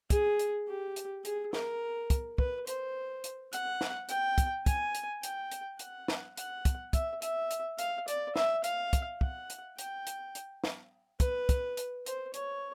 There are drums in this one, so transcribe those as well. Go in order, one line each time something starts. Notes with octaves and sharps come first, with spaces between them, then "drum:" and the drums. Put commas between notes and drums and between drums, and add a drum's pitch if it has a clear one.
G#4, drum: kick, hi-hat
drum: hi-hat
G4
drum: hi-hat
G#4, drum: hi-hat
A#4, drum: snare
drum: kick, hi-hat
B4, drum: kick
C5, drum: hi-hat
drum: hi-hat
F#5, drum: hi-hat
drum: snare
G5, drum: hi-hat
drum: kick, hi-hat
G#5, drum: kick, hi-hat
drum: hi-hat
G5, drum: hi-hat
drum: hi-hat
F#5, drum: hi-hat
drum: snare
F#5, drum: hi-hat
drum: kick, hi-hat
E5, drum: kick, hi-hat
E5, drum: hi-hat
drum: hi-hat
F5, drum: hi-hat
D5, drum: hi-hat
E5, drum: snare
F5, drum: hi-hat
drum: kick, hi-hat
F#5, drum: kick
drum: hi-hat
G5, drum: hi-hat
drum: hi-hat
drum: hi-hat
drum: snare
B4, drum: kick, hi-hat
drum: kick, hi-hat
drum: hi-hat
C5, drum: hi-hat
C#5, drum: hi-hat